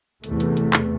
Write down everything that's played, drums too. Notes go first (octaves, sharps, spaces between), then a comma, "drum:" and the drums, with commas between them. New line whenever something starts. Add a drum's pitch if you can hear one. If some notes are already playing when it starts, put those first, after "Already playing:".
E2 C3 E3 A3, drum: hi-hat
drum: hi-hat
drum: hi-hat
drum: clap